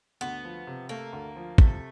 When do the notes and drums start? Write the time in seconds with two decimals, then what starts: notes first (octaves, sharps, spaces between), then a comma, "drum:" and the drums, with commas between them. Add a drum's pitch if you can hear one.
0.21 D2 B3
0.44 F3
0.67 C3
0.89 A3 A#3
1.13 D2
1.36 F3
1.58 C3 A3, drum: kick